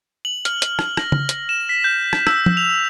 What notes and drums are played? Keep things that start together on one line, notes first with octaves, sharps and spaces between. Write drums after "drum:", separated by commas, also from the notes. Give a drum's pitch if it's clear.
F#7
F6, drum: hi-hat
drum: hi-hat
drum: rim click
A#6, drum: rim click
drum: tom C#3
drum: hi-hat
E7
B6
G6
drum: rim click
E6, drum: rim click
drum: tom F3
F7